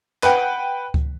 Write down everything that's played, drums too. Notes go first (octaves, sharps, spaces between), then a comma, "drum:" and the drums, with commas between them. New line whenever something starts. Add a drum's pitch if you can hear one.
B4 F#5 G5, drum: clap
drum: kick C#2